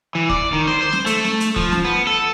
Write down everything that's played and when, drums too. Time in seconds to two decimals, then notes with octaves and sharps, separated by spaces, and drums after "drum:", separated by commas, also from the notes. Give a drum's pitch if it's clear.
0.15 E3
0.29 D5, drum: kick
0.53 D#3
0.68 C5
0.82 C5
0.93 drum: snare
1.06 A3, drum: hi-hat
1.24 drum: snare
1.40 drum: hi-hat
1.56 F3, drum: kick
1.72 drum: snare
1.84 B3
2.07 A4